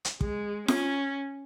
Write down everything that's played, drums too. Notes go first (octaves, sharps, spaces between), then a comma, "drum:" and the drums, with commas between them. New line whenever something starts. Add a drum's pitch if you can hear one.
drum: hi-hat
G#3, drum: kick
C#4, drum: snare F4